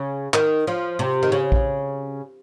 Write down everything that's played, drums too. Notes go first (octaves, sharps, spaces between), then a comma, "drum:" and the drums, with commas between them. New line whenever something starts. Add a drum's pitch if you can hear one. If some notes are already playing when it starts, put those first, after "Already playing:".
Already playing: C#3
D#3, drum: clap
F3
C3
D#3
C#3
drum: kick A#1